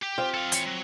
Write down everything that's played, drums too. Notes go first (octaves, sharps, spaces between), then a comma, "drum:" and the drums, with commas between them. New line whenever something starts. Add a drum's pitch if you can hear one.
G4
C4 F4
A4 F5
E3 C#5, drum: hi-hat
F#3